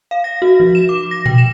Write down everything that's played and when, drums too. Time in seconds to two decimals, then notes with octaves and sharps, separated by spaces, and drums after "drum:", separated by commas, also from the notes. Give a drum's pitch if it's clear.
0.11 F5
0.24 A#6
0.42 F#4
0.60 F3
0.75 E7
0.89 D6
1.11 A#6
1.26 G5, drum: tom A#2
1.38 E7